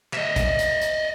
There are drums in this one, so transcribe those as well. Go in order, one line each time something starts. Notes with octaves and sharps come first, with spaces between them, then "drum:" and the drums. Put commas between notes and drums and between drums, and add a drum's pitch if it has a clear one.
D#5 E5, drum: clap
drum: kick, hi-hat
drum: hi-hat
drum: hi-hat